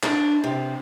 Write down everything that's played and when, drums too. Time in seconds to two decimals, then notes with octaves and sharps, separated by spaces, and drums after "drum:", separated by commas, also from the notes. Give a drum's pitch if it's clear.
0.03 D4, drum: clap
0.44 C3